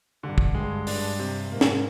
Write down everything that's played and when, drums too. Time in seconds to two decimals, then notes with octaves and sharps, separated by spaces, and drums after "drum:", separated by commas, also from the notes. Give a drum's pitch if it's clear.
0.23 G2 D3
0.38 drum: kick
0.55 G2 G#3
0.87 G2 D4, drum: open hi-hat
1.19 C3
1.52 G#2 A#3
1.61 drum: snare